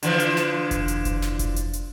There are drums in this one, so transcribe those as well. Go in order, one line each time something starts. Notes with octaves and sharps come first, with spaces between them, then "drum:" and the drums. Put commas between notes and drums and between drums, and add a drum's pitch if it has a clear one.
D3 E3 F3, drum: hi-hat
drum: hi-hat
drum: snare
drum: kick F1, hi-hat
drum: hi-hat
drum: kick F1, hi-hat
drum: snare
drum: kick F1, hi-hat
drum: hi-hat
drum: hi-hat